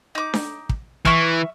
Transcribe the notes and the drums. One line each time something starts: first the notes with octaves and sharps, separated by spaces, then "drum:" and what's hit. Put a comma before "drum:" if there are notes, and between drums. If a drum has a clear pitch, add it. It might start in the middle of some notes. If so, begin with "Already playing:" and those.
D#4 D6
drum: snare D4
drum: kick
E3 E5 C#6 F6, drum: kick